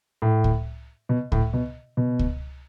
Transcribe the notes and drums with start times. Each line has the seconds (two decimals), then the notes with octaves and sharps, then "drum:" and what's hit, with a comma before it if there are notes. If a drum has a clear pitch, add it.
0.22 A2
0.44 drum: kick C#2
1.09 B2
1.32 A2, drum: kick C#2
1.53 B2
1.97 B2
2.19 drum: kick C#2